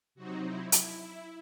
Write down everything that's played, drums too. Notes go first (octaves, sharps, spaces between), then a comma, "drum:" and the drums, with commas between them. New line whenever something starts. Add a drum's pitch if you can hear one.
C3 F#3 C4 D#4 F#4
E4
E4, drum: hi-hat
E4